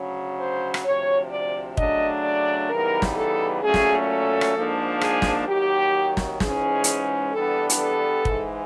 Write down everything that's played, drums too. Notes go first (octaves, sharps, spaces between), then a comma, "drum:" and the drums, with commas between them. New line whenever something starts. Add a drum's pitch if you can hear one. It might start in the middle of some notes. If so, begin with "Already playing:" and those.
Already playing: D2 C#3 F#3
C5
drum: rim click
D2 C3 F3 C#5
D5
C#3 F#3 A3 D4 D#5, drum: kick
D5
C#3 E3 G3 B3 D#4 A#4
drum: snare
A4
A#2 F#3 A3 C#4 G#4
drum: snare
A4
drum: rim click
G#2 F3 A#3 D4
G#4, drum: rim click
drum: snare
D#2 D#3 F#3 G4
drum: snare
G#2 E3 G#3 C#4 G#4, drum: snare
drum: hi-hat
G2 E3 G3 B3 D4 A4
drum: hi-hat
A4
G#2 E3 G#3, drum: kick